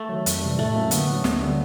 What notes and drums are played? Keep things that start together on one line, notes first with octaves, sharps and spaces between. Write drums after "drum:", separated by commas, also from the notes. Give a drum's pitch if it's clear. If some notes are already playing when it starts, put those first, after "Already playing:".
Already playing: A3
D#3 F#3
F2, drum: hi-hat
C3 E3 G3
A2 A3
F#3 A#3 C#4
D3 B3, drum: hi-hat
F#3 A#3 D4
D2, drum: snare
D3 G3 A#3 C#4